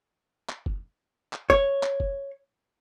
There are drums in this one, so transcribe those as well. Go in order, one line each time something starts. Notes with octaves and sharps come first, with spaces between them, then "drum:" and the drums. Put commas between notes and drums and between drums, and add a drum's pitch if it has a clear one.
drum: clap
drum: kick F#1
drum: clap
C#5, drum: kick F#1
drum: clap
drum: kick F#1